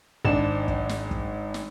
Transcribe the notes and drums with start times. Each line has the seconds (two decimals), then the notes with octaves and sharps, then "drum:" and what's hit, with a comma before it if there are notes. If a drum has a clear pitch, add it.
0.25 G#1 D4 E7
0.68 drum: kick
0.89 drum: snare
1.11 drum: kick
1.54 drum: snare